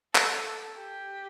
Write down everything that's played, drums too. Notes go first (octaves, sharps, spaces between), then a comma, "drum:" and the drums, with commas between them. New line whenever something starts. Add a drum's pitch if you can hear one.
A4, drum: clap
G4